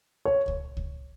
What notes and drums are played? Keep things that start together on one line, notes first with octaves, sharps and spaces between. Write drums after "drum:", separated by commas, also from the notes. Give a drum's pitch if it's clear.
C#5
drum: kick C#2
drum: kick C#2